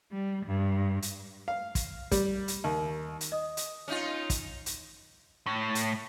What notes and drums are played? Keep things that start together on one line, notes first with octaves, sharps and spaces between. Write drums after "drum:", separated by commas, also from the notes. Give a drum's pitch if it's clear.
G3
G2
drum: hi-hat
F5
drum: kick, hi-hat
G3, drum: kick, hi-hat
drum: hi-hat
D#2
drum: hi-hat
D#5 D#6
drum: hi-hat
C#4 D#4 F4
drum: kick, hi-hat
drum: hi-hat
A2
drum: hi-hat